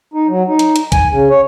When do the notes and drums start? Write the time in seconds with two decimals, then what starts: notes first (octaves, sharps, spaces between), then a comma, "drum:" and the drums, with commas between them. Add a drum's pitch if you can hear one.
0.14 D#4
0.28 F#3
0.47 D#4
0.59 drum: hi-hat
0.76 drum: hi-hat
0.92 G#5, drum: kick, hi-hat
1.11 C#3
1.29 C#5